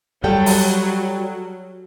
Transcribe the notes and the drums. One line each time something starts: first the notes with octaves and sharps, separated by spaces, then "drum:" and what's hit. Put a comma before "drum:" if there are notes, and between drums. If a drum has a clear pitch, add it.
F#3 G3 A4 G5
drum: open hi-hat